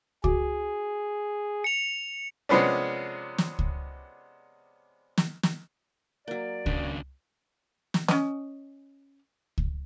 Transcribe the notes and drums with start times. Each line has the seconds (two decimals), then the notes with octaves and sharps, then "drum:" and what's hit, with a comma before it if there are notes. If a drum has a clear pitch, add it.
0.24 F#4 G#4, drum: kick C#2
1.64 C#7 F7
2.49 C3 F3 G#3 B3 C#4 D4
3.38 drum: snare
3.59 drum: kick C#2
5.18 drum: snare
5.43 drum: snare
6.28 F#3 A#3 D5
6.66 D#2 C#3 D4, drum: kick C#2
7.94 drum: snare
8.08 C#4 D#5, drum: snare
9.58 drum: kick C#2